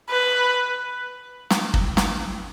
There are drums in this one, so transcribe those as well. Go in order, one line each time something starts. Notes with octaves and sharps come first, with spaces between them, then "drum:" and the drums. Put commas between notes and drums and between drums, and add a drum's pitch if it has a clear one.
B4
drum: snare
drum: kick
drum: snare